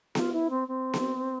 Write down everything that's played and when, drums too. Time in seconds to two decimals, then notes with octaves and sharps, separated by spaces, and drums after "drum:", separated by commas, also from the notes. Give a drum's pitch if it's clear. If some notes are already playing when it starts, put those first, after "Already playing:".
0.15 F4, drum: snare B3
0.32 E4
0.49 C4
0.68 C4
0.94 drum: snare B3